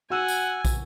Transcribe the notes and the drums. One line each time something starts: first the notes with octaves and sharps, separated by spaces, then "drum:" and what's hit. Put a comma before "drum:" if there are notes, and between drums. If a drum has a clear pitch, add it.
F#4 F#5 G#5 E6 D#7
drum: tambourine
drum: kick, tambourine